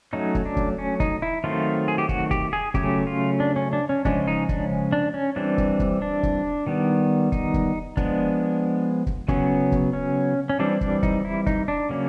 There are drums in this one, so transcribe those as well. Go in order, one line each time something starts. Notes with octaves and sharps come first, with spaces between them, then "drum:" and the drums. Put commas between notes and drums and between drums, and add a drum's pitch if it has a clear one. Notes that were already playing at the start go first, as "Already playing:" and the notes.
F#3 A3 C#4 D#4
drum: kick
D4
drum: kick
C#4
D#4, drum: kick
E4
D#3 F#3 A3 C4 F4
G#4
G4
F#4, drum: kick
G4, drum: kick
G#4
C#3 F#3 A3 C#4 G4, drum: kick
F4
D4
C#4
D4
C#4
C#3 F3 G#3 C#4 D4, drum: kick
D#4
D4, drum: kick
D4
C#4
E3 G3 C4 D4
drum: kick
drum: kick
D4
drum: kick
D#3 G3 B3
D#4, drum: kick
drum: kick
F3 G#3 B3 D4, drum: kick
drum: kick
C#3 F#3 B3 C#4, drum: kick
drum: kick
C#4
C#4
E3 G3 C4 D4
D4, drum: kick
D#4, drum: kick
E4
D#4, drum: kick
D4
C#3 F#3 A#3 C#4